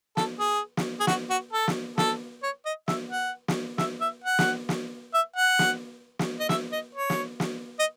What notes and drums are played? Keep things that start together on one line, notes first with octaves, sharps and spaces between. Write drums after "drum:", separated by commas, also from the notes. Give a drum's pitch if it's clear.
A4, drum: snare
G#4
drum: snare
G#4
F#4, drum: snare
F#4
A4
drum: snare
A4, drum: snare
C#5
D#5
E5, drum: snare
F#5
drum: snare
E5, drum: snare
E5
F#5
drum: snare
drum: snare
E5
F#5
drum: snare
drum: snare
D#5
E5, drum: snare
D#5
C#5
drum: snare
drum: snare
D#5